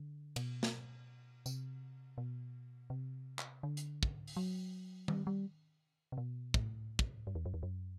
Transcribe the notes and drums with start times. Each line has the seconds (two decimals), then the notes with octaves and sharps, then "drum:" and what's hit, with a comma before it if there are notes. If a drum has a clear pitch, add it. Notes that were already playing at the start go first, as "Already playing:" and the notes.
Already playing: D3
0.36 B2, drum: cymbal
0.63 drum: snare
1.46 C3, drum: tambourine
2.18 B2
2.90 C3
3.39 drum: clap
3.63 D3
3.77 drum: hi-hat
4.03 drum: kick
4.27 drum: open hi-hat
4.37 F#3
5.08 G3, drum: tom D#3
5.27 G3
6.12 C3
6.18 B2
6.54 A2, drum: kick
6.99 drum: kick
7.27 G2
7.35 E2
7.46 F#2
7.54 E2
7.63 F#2